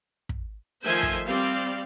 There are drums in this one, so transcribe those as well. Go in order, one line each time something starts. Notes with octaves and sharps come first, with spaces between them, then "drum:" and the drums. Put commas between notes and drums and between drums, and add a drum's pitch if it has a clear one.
drum: kick
D#3 F3 A3 C5 E5 G#5
drum: kick
G3 C4 D5 F5